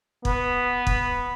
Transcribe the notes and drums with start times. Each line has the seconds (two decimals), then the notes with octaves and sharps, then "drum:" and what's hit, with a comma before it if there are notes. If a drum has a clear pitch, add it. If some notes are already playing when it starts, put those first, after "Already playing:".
0.25 B3, drum: kick
0.87 drum: kick